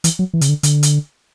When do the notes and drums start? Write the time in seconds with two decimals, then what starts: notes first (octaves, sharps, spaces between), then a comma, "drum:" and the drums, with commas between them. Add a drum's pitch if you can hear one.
0.04 E3, drum: hi-hat
0.19 F#3
0.34 E3
0.41 C#3, drum: hi-hat
0.49 D3
0.63 D3, drum: hi-hat
0.83 drum: hi-hat